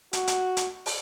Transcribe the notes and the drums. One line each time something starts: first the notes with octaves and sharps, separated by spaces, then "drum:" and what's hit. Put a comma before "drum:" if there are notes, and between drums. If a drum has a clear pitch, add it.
F#4, drum: hi-hat
drum: hi-hat
drum: hi-hat
drum: open hi-hat